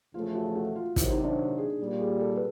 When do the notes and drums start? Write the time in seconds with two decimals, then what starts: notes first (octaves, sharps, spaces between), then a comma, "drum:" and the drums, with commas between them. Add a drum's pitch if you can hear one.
0.14 E2 C#3 F3 A3 F4
0.35 F#4
0.55 F#4
0.75 F4
0.96 C3 D#3 F#3 E4, drum: kick, hi-hat
1.10 D#4
1.24 D4
1.38 D#4
1.58 G#4
1.79 A#2 G3 A#3
2.00 G#4
2.20 A4
2.36 B4